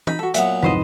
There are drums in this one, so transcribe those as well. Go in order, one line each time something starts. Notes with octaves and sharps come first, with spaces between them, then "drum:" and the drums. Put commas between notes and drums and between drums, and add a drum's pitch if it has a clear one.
D#4 B5, drum: tom
F#4 A4
A#2 F#3 B3 E5 F#5, drum: hi-hat
C2 F2 G#2 B4 C5 D#5